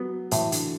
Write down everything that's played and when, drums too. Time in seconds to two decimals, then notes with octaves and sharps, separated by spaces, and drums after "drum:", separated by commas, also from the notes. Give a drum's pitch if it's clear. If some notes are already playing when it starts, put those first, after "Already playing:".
Already playing: F#3 B3
0.31 A2 E3, drum: hi-hat
0.52 D3, drum: hi-hat